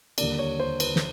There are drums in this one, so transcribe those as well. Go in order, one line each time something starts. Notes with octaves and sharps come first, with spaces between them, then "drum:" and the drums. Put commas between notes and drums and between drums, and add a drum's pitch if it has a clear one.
D#2 D3 G3 A#3 D5, drum: cymbal
C#5
C5
B4, drum: cymbal
drum: snare